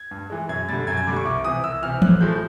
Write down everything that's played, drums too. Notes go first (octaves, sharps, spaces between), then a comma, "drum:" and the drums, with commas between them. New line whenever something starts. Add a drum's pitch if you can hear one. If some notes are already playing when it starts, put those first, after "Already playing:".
Already playing: G#6
G2
E3 G#3
F#2 G#6
D3 G3 A6
F#2 G#6
G#6
D3 G3 D6
C#6
C2 D6
C3 E3 D#6
C2 E6
C3 E3 F6
A1 F#6, drum: tom E3
A2 F3 G#3 G6